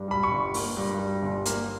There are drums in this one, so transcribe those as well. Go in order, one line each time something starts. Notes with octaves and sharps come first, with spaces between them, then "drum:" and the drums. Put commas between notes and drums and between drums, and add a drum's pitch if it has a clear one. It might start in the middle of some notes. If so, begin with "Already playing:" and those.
Already playing: G2
G3 B5
C#6
G1
A#3, drum: open hi-hat
G2
G3
G1
A#3, drum: hi-hat